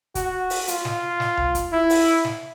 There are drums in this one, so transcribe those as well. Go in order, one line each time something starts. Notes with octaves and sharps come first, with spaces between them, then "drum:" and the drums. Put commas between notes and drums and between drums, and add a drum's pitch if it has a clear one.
F#4, drum: kick, hi-hat
drum: open hi-hat
F4, drum: hi-hat
drum: snare
drum: snare
drum: tom C2
drum: kick, hi-hat
E4
drum: open hi-hat
drum: snare